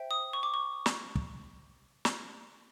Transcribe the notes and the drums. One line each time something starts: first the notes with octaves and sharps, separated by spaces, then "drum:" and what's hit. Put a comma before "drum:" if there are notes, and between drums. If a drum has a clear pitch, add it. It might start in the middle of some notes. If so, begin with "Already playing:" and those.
Already playing: C5 E5 G5
D#6
C#6
D6
C#6
drum: snare
drum: kick
drum: snare